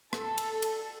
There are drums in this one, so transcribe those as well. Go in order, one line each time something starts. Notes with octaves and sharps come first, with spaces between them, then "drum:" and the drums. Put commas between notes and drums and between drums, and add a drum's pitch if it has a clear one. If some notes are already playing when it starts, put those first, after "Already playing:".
A4, drum: rim click
drum: cymbal
drum: cymbal